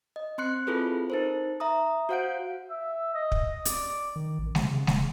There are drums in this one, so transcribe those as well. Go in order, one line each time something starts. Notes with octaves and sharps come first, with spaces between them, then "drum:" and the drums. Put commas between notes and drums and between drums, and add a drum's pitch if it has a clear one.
D#5
C4 C6 F#6 C#7
C4 E4 F4 G#4 A4 B4
D#4 A#4 C5
E5 A#5 D#6
F#4 C5 F5 F#5 G6 D7
E5
D#5
drum: kick
D5, drum: hi-hat
D#3
A1
C3, drum: snare G#3
C#3
D1, drum: snare G#3